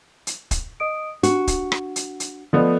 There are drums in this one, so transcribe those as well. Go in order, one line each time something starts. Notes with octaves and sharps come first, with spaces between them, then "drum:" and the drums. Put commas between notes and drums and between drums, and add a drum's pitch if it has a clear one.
drum: hi-hat
drum: kick, hi-hat
D#5 D#6 D7
D4 F#4, drum: hi-hat
drum: kick, hi-hat
drum: rim click
drum: hi-hat
drum: hi-hat
F3 A3 B3 A4 D5 D#5